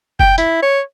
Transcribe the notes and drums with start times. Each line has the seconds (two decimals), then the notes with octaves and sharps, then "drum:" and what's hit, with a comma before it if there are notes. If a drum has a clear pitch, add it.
0.20 G5, drum: kick F1
0.38 E4, drum: hi-hat
0.62 C#5